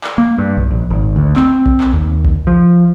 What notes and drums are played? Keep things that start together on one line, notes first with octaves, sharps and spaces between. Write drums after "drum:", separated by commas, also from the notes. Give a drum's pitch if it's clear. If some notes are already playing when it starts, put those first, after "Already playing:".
drum: clap
A#3
G2
B1
A#1
G#1
D2
C4, drum: clap
drum: kick A#1
drum: clap
D#2
drum: kick A#1
F3